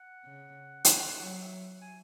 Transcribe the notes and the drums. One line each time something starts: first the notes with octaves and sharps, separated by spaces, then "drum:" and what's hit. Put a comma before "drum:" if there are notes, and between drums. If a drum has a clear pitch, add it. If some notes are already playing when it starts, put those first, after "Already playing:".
Already playing: F#5
C#3
drum: hi-hat
F#3 F#5
E5
G#5